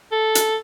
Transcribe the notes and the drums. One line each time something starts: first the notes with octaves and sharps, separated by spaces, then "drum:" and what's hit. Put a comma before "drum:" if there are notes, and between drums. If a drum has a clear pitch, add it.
A4
drum: hi-hat